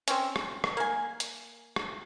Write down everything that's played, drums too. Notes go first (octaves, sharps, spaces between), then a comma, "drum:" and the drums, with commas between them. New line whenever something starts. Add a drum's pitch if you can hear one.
C4 C#4, drum: hi-hat
drum: rim click
drum: rim click
A#3 G#5
drum: hi-hat
drum: rim click